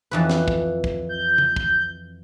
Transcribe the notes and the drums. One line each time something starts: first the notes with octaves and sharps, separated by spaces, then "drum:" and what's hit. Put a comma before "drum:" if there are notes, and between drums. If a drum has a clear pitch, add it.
F2 E3 B4
drum: snare
drum: kick
drum: kick
G6
drum: tom
drum: kick